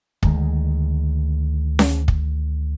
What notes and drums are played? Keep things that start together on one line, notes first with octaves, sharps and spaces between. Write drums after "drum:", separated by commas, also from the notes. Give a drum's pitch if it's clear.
D2 D#3 G#3, drum: kick
drum: snare C#4
drum: kick